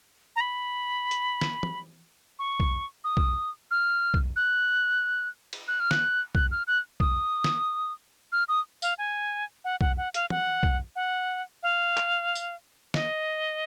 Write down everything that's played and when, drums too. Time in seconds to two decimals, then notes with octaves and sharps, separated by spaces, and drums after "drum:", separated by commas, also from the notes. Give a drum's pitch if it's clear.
0.36 A#5
0.40 B5
1.11 drum: hi-hat
1.41 drum: snare
1.63 drum: tom
2.39 C#6
2.60 drum: kick B1
3.04 D#6
3.17 drum: kick B1
3.71 F6
4.14 drum: kick B1
4.36 F#6
5.53 drum: cymbal
5.68 F#6
5.80 F6
5.91 F#6, drum: snare
6.35 F#6, drum: kick B1
6.52 F6
6.67 F#6
7.00 D#6, drum: kick B1
7.44 drum: snare
8.32 F6
8.49 D#6
8.82 F5, drum: tambourine
8.98 G#5
9.64 F#5
9.81 F#5, drum: kick B1
9.97 F#5
10.14 F5, drum: hi-hat
10.30 F#5, drum: tom
10.63 drum: kick B1
10.96 F#5
11.63 F5
11.97 drum: clap
12.35 drum: tambourine
12.94 D#5, drum: snare